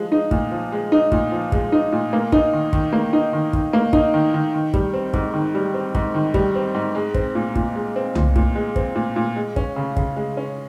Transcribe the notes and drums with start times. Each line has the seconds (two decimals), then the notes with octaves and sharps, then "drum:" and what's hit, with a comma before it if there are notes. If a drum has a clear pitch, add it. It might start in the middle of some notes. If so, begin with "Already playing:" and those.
Already playing: F3 G#3
0.12 D#4
0.31 A#2, drum: kick
0.52 F3
0.72 G#3
0.92 D#4
1.12 A#2, drum: kick
1.32 F3
1.52 G#3, drum: kick
1.72 D#4
1.93 A#2
2.13 A#3
2.32 D#4, drum: kick
2.53 D#3
2.73 D#3, drum: kick
2.93 A#3
3.13 D#4
3.33 D#3
3.53 D#3, drum: kick
3.73 A#3
3.93 D#4, drum: kick
4.14 D#3
4.34 D#3
4.54 D#3
4.74 G3, drum: kick
4.93 C4
5.13 G#2, drum: kick
5.34 D#3
5.55 G3
5.74 C4
5.95 G#2, drum: kick
6.14 D#3
6.34 G3, drum: kick
6.55 C4
6.74 G#2
6.95 G#3
7.14 C4, drum: kick
7.35 A#2
7.55 A#2, drum: kick
7.75 G#3
7.96 C4
8.15 A#2, drum: tom C2
8.36 A#2, drum: kick
8.55 G#3
8.76 C4, drum: kick
8.95 A#2
9.16 A#2
9.36 G#3
9.56 C#4, drum: kick
9.76 C#3
9.97 C#3, drum: kick
10.16 G#3
10.37 C#4